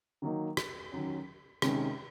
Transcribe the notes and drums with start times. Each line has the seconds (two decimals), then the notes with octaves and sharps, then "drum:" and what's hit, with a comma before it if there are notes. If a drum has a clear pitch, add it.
0.22 D#3 F#3 A#3 D#4
0.57 drum: rim click
0.92 D#3 F#3 C#4
1.62 C3 D#3 G#3 C#4, drum: rim click